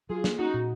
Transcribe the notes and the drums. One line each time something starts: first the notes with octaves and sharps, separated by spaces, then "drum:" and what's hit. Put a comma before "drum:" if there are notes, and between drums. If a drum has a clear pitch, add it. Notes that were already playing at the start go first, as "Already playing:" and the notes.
F#3 F4 G#4
A#3, drum: snare
C#4 D#4 F#4
A#2